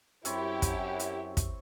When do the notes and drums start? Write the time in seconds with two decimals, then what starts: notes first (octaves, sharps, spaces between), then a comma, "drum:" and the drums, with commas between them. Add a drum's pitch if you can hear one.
0.25 F#2 C4 E4 G4 C#5 B5, drum: hi-hat
0.62 drum: kick, hi-hat
0.99 drum: hi-hat
1.37 drum: kick, hi-hat